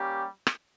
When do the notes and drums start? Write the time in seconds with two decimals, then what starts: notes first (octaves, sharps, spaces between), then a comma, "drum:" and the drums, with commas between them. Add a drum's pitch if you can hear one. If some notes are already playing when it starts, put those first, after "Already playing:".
Already playing: G3 A#3 C#4 G4
0.47 drum: rim click